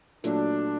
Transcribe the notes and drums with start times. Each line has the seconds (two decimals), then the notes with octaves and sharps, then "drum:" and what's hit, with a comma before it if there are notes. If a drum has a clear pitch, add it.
0.24 A#2 F#3 A3 D4, drum: hi-hat